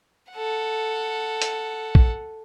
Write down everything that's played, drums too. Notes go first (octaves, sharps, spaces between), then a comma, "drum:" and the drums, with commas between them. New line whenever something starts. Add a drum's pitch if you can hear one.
A4 F#5
drum: hi-hat
drum: kick